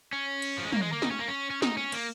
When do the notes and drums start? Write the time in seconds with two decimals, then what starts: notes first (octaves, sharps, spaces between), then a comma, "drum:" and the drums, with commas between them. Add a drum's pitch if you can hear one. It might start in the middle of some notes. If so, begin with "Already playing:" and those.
0.13 C#4
0.42 drum: cymbal
0.58 F3
0.65 G#3
0.73 A#3, drum: tom
0.82 G#3
0.92 A#3
1.02 D#4, drum: snare
1.11 C#4
1.19 A#3
1.28 C#4
1.50 C#4
1.62 D#4, drum: snare
1.77 C#4
1.92 A#3, drum: cymbal